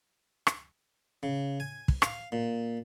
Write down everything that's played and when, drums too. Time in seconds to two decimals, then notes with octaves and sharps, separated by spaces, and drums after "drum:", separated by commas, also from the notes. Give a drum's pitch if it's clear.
0.47 drum: rim click
1.23 C#3
1.60 G#5
1.88 drum: kick
2.02 F5, drum: rim click
2.32 A#2